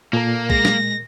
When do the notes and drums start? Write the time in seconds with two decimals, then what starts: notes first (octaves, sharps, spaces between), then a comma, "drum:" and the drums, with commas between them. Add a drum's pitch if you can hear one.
0.13 A#2 A#3 A4 A#4
0.50 G#3 A#6, drum: kick
0.65 drum: snare